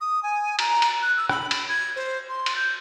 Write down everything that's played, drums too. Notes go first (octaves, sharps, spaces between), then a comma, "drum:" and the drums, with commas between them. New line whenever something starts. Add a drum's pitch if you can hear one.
D#6
G#5
A#5, drum: cymbal
drum: cymbal
F#6
E6
B5, drum: rim click
B5, drum: cymbal
G#6
C5
C6
drum: cymbal
G6